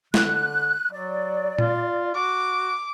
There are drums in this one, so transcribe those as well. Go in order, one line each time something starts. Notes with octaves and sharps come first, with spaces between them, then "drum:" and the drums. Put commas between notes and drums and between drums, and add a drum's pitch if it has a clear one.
D3 F#6, drum: snare
F#3 D5
F4, drum: tom A#2
F#4 D6